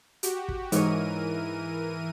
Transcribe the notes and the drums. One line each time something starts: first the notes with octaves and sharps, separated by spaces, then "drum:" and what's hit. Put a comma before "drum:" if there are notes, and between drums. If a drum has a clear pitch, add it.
F#4 G4, drum: hi-hat
drum: kick
G#2 E3 A#4 C#5 D#7, drum: hi-hat